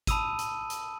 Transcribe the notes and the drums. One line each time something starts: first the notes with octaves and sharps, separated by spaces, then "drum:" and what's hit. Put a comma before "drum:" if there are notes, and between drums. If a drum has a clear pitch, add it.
A5 B5 D#6 E6 D#7, drum: kick G#1, hi-hat
drum: hi-hat
drum: hi-hat